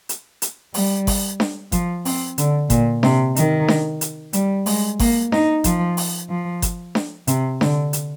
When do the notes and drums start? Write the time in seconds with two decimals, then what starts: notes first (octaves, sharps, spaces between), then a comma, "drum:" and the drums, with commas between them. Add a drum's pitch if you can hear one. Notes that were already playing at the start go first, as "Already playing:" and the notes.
0.09 drum: hi-hat
0.42 drum: hi-hat
0.74 G3, drum: open hi-hat
1.07 drum: kick G1, open hi-hat
1.40 drum: snare D4
1.72 F3, drum: kick G1, hi-hat
2.05 C4, drum: open hi-hat
2.38 D3, drum: hi-hat
2.70 A#2, drum: kick G1, hi-hat
3.03 C3, drum: snare D4
3.36 D#3, drum: hi-hat
3.68 drum: snare D4
4.01 drum: hi-hat
4.33 G3, drum: hi-hat
4.66 G#3, drum: open hi-hat
4.99 A#3, drum: kick G1, open hi-hat
5.32 D#4, drum: snare D4
5.64 F3, drum: kick G1, hi-hat
5.97 drum: open hi-hat
6.30 F3
6.62 drum: kick G1, hi-hat
6.95 drum: snare D4
7.27 C3, drum: hi-hat
7.61 D3, drum: snare D4
7.93 drum: hi-hat